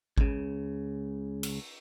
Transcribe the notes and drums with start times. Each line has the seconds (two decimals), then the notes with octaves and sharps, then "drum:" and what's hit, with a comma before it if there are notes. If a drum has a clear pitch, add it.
0.18 C#2 C#3, drum: kick
1.43 drum: cymbal